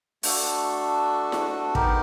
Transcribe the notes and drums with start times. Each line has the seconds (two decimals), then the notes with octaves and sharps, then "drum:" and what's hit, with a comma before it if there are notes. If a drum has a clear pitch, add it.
0.23 A3 D4 F#4 A4, drum: open hi-hat
1.32 drum: snare E4
1.75 B3 D#4 G4 A#4, drum: kick